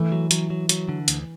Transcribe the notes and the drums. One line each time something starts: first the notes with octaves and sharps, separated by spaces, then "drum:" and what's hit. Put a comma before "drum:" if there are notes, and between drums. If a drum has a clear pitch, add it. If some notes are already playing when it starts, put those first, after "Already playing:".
Already playing: E3 A3
F#3
F#3, drum: hi-hat
F#3
F#3, drum: hi-hat
D3
D2, drum: hi-hat